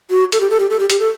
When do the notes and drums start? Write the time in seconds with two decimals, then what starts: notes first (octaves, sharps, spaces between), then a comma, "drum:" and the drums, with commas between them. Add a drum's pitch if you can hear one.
0.10 F#4
0.32 A4, drum: hi-hat
0.40 G4
0.50 A4
0.60 G4
0.70 A4
0.80 G4
0.90 G4, drum: hi-hat
1.00 A4